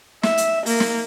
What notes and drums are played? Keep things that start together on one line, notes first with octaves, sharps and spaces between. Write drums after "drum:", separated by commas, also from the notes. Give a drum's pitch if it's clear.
E5, drum: snare
drum: hi-hat
A#3, drum: open hi-hat
drum: snare